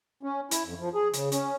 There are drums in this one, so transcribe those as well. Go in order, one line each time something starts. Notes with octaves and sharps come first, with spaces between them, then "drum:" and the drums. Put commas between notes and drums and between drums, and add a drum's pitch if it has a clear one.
C#4
E4, drum: hi-hat
F2
F3
G#4
C#3, drum: hi-hat
C#4, drum: hi-hat